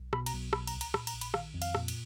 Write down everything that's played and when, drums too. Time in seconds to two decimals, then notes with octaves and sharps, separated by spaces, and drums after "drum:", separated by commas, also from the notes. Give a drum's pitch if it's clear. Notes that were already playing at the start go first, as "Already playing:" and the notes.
Already playing: B1
0.13 B2 B5, drum: rim click
0.26 A#5, drum: cymbal
0.33 B1
0.53 B2 B5, drum: rim click
0.67 A#5, drum: cymbal
0.73 C#2
0.81 A#5, drum: cymbal
0.94 A#2 B5, drum: rim click
1.07 A#5, drum: cymbal
1.14 A#1
1.21 B5, drum: cymbal
1.34 D#3 F5, drum: rim click
1.54 F2
1.62 F5, drum: cymbal
1.75 A#2, drum: rim click
1.88 drum: cymbal